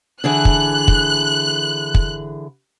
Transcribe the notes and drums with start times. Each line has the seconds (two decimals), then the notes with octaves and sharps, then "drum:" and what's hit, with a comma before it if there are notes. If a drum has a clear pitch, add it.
0.24 D3 E3 G#4 F#6
0.45 drum: kick
0.88 drum: kick
1.94 drum: kick